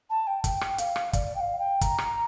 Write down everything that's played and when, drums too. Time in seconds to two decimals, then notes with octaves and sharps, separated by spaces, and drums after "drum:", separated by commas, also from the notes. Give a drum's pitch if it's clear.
0.10 A5
0.27 G5
0.44 G5, drum: kick, hi-hat
0.61 drum: rim click
0.78 F5, drum: hi-hat
0.96 drum: rim click
1.13 D5, drum: kick, hi-hat
1.35 G5
1.40 F5
1.59 G5
1.81 A#5, drum: kick, hi-hat
1.98 drum: rim click